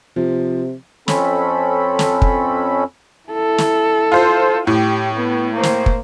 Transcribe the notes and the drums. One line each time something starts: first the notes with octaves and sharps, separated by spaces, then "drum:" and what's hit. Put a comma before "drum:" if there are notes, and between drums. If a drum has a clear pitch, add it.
C3 F3
F2 C4 C#4 A4 B5, drum: snare
drum: snare
drum: kick
E4 A4
drum: snare
F4 C5
A2 G4
B3
A#3 C5
drum: snare
drum: kick